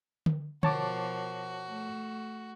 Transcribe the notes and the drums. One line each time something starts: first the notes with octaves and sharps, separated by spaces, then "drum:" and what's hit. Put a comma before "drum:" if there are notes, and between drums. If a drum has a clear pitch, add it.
drum: tom D3
B2 F3 F#4 A#4 C#5 A5 D6, drum: tom D3
A3